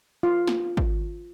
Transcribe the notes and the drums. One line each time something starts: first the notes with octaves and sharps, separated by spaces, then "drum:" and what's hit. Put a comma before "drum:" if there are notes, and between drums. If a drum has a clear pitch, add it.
F4
drum: snare
drum: kick